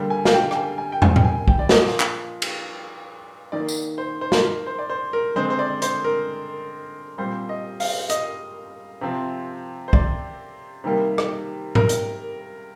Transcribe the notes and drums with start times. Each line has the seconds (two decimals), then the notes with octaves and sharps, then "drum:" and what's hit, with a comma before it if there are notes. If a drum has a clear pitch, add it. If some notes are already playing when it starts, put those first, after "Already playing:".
Already playing: D3 G3 A#3
0.10 G#5
0.25 F5, drum: snare
0.33 G5
0.51 G5, drum: rim click
0.55 G#5
0.78 G#5
0.92 G5
1.02 G#5, drum: tom
1.16 G5, drum: tom G#2
1.25 G#5
1.48 G5, drum: kick
1.59 D5
1.69 A#2 F3 A#3 D#5, drum: snare
2.00 drum: clap
2.42 drum: cymbal
3.52 D#3 A#3 D5
3.68 drum: tambourine
3.98 C5
4.21 C5
4.32 drum: snare
4.44 A#4
4.66 C5
4.79 D5
4.90 C5
5.13 A#4
5.36 D3 G#3 C4 C5
5.50 C5
5.59 D5
5.82 C5, drum: hi-hat
6.04 A#4
7.18 A#2 G3 C4 C5
7.49 D#5
7.80 F5, drum: open hi-hat
8.10 D#5, drum: hi-hat
9.01 C3 F3 C4
9.88 C5
9.93 D5, drum: kick
10.84 C3 D#3 G3 A#3
11.18 drum: rim click
11.75 A#4, drum: tom G#2
11.89 drum: hi-hat